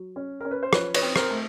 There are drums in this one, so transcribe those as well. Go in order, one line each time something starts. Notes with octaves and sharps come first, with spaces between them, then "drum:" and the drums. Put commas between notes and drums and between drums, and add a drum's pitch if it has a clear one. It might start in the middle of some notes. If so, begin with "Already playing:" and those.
Already playing: F#3
C#4
C#4 A#4
B4
C5
F3 B4 C#5, drum: rim click
B4 C#5, drum: cymbal
C4
A#4 C5, drum: rim click
A3